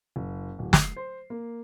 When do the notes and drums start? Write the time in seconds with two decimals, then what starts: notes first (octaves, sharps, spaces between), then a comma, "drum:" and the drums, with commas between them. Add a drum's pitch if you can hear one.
0.16 F#1
0.59 D1
0.73 C7, drum: snare
0.96 C5
1.30 A#3